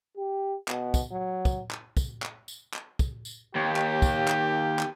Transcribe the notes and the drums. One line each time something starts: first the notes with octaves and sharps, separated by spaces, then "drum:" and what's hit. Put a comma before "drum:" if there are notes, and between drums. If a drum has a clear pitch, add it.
G4
B2, drum: clap
drum: kick, tambourine
F#3
drum: kick, tambourine
drum: clap
drum: kick, tambourine
drum: clap
drum: tambourine
drum: clap
drum: kick, tambourine
drum: tambourine
D#2 G4
drum: clap
drum: kick, tambourine
drum: clap
drum: clap